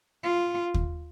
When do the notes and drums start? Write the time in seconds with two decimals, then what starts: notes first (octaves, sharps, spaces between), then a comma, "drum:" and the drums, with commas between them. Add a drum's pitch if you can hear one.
0.24 F4
0.74 drum: kick